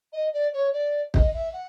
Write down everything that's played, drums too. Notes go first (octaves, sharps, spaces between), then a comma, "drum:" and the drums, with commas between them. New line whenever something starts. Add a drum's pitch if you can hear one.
D#5
D5
C#5
D5
D#5, drum: kick
E5
F#5